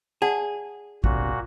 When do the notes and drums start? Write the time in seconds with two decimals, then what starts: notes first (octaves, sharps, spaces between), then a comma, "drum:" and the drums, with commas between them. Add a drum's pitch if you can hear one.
0.22 G#4 D5 F#5 A5
1.04 G1 C2 G2 A#2 F#4, drum: kick A1